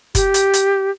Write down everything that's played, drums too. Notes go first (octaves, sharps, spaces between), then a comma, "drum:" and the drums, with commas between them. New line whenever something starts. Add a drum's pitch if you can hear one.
G4, drum: kick, hi-hat
drum: hi-hat
drum: hi-hat